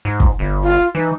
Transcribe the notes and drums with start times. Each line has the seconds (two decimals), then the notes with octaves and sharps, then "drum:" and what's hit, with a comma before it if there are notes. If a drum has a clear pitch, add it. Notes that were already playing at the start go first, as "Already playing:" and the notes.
0.05 G#2
0.20 drum: kick
0.39 G1
0.63 F4
0.95 E3 D#4